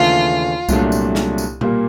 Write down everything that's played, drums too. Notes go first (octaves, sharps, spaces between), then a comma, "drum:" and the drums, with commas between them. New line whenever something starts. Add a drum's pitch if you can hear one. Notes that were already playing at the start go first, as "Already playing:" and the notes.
Already playing: D#2 C#3 E3 A3 D4 F4
C2 A#2 F#3 A3 D4, drum: kick C2, tambourine
drum: tambourine
drum: snare
drum: tambourine
A#2 G3 A#3, drum: tom B2